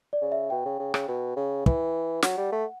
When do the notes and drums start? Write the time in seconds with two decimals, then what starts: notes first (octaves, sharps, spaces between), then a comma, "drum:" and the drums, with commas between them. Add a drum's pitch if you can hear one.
0.13 D5
0.21 C#3
0.32 E5
0.50 B2 G5
0.65 C#3
0.79 C#3
0.94 C#3, drum: rim click
1.08 B2
1.36 C#3
1.66 E3, drum: kick
2.22 F#3 F#5, drum: snare
2.37 G3
2.52 A3